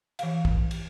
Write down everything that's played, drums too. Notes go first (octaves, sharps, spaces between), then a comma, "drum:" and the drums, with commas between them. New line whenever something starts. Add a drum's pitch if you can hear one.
E3 F5, drum: cymbal
drum: kick
drum: cymbal